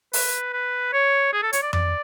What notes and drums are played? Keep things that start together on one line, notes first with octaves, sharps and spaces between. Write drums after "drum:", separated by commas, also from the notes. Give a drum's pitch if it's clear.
B4, drum: open hi-hat
B4
C#5
G#4
A4
C#5, drum: hi-hat
D5
D5, drum: tom F2